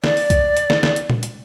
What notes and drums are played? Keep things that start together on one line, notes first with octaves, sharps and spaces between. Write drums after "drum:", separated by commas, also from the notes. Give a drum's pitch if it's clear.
D5, drum: snare
drum: open hi-hat
drum: kick B1, hi-hat
drum: hi-hat
drum: snare
drum: snare
drum: hi-hat
drum: tom A#2
drum: hi-hat